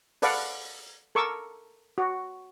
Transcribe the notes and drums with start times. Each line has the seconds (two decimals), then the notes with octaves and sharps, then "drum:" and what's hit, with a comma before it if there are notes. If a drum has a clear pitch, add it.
0.22 A4 B4 D5 F5 F#5, drum: open hi-hat
1.15 A4 A#4 C#6 D6 E6
1.98 F#4